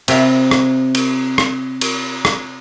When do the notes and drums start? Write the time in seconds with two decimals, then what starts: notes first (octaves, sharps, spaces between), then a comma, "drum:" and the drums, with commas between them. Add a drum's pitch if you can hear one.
0.08 C3 E5 F5 B5, drum: cymbal
0.51 drum: rim click
0.95 drum: cymbal
1.38 drum: rim click
1.81 drum: cymbal
2.25 drum: rim click